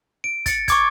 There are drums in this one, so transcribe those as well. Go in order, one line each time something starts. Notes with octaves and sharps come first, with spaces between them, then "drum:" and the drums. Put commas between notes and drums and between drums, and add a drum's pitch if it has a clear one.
D7
A6 C#7, drum: kick, hi-hat
C#6 D6 G#6, drum: kick, hi-hat